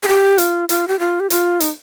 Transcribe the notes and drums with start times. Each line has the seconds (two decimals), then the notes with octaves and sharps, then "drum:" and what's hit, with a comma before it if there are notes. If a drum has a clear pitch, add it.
0.03 G#4
0.08 G4
0.38 F4, drum: hi-hat
0.69 F4, drum: hi-hat
0.88 G4
0.99 F4
1.20 G4
1.30 F4, drum: hi-hat
1.60 D#4, drum: hi-hat